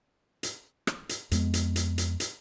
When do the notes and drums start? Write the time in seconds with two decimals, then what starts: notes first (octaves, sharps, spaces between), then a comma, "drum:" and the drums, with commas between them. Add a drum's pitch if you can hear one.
0.43 drum: hi-hat
0.87 drum: rim click
1.09 drum: hi-hat
1.31 F2 G#3 B3, drum: hi-hat
1.54 drum: hi-hat
1.76 drum: hi-hat
1.98 drum: hi-hat
2.20 drum: hi-hat